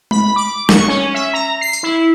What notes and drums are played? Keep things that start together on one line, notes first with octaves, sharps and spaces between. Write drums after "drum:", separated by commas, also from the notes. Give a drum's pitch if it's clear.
B5, drum: tom G#3
D6
C#6, drum: snare
C#4
E5
A#5
C7
drum: tambourine
E4